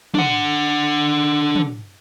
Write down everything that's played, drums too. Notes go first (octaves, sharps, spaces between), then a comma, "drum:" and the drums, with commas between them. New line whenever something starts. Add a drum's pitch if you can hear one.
D4 F#5, drum: tom
drum: tom